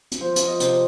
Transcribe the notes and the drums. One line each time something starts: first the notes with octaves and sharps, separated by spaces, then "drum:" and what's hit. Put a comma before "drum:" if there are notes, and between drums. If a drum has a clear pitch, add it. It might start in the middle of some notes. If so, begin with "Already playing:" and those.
drum: hi-hat
F3
drum: hi-hat
D#5
C3, drum: hi-hat